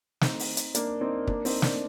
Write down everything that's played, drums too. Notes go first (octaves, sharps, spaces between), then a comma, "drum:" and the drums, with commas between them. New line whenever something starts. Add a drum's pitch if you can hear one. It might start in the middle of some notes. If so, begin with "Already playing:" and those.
C4 D#4, drum: snare
drum: open hi-hat
drum: hi-hat
A#3 D4, drum: hi-hat
C4 D#4
A#3 D4, drum: kick
C4 D#4, drum: open hi-hat
A#3 D4, drum: snare